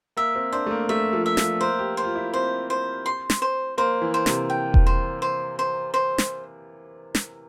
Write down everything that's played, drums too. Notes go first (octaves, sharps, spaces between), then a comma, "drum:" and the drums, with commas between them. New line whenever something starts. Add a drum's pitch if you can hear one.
A#3 E5
C4
D4 C5
A3
A#3
A3 E5
F3
E5
F3, drum: snare
A#3 C5
G4
C5
F4
E4
C4 C5
C5
C6
drum: snare
C5
A#3 C5
E3
C5
C3, drum: snare
G5
drum: kick E1
C5
C5
C5
C5
drum: snare
drum: snare